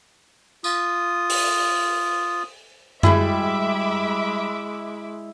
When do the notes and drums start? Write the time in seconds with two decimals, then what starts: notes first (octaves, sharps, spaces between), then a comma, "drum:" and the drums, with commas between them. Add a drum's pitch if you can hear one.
0.64 F4 D#6, drum: tambourine
1.30 drum: open hi-hat
3.03 G3 G#3 E4 F#4 G#4 E5 B5 D6, drum: tom F#2